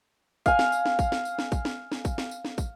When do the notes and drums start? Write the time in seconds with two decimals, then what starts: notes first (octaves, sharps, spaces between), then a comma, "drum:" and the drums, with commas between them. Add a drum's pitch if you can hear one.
0.46 F5 G#5, drum: kick, tambourine
0.59 drum: snare
0.72 drum: tambourine
0.86 drum: snare
0.99 drum: kick, tambourine
1.12 drum: snare
1.25 drum: tambourine
1.39 drum: snare
1.52 drum: kick, tambourine
1.65 drum: snare
1.92 drum: snare
2.05 drum: kick, tambourine
2.18 drum: snare
2.31 drum: tambourine
2.45 drum: snare
2.58 drum: kick, tambourine